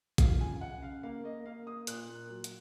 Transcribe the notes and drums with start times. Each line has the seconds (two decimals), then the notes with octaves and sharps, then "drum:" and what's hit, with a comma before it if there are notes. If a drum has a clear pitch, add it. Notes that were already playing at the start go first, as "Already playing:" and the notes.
0.18 F3 F5, drum: kick A#1, hi-hat
0.40 C#3 G#5
0.61 C#3 F#5
0.82 C#3 F5
1.03 A#3 F5
1.24 A#3 D#5
1.45 A#3 F5
1.67 A#3 D#6
1.87 A#2 F#6, drum: hi-hat
2.09 A#3
2.30 F#3
2.44 drum: hi-hat